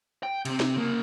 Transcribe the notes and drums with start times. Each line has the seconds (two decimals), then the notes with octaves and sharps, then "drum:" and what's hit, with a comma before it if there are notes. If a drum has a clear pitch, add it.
0.23 G5
0.45 C3 C4, drum: cymbal
0.60 drum: snare
0.77 C#3 A#3